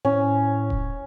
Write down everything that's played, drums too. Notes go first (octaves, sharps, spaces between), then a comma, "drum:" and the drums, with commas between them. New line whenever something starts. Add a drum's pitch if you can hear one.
A2 C#4
drum: kick D#1